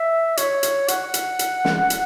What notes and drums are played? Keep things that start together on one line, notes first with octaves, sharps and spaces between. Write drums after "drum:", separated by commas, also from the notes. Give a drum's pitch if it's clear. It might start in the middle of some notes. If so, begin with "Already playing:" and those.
Already playing: E5
C#5, drum: hi-hat
drum: hi-hat
F#5, drum: hi-hat
drum: hi-hat
drum: hi-hat
drum: snare
drum: hi-hat